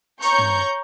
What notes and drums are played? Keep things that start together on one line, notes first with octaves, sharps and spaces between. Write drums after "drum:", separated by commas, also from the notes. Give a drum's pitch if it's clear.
C#5 A#5 C#6 G6, drum: hi-hat
drum: tom